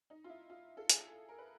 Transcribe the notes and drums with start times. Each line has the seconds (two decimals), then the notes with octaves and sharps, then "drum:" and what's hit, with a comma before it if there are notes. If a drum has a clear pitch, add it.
0.10 D#4
0.24 F4
0.29 E4
0.50 F4
0.77 A4
0.89 G#4, drum: hi-hat
1.29 A#4
1.38 B4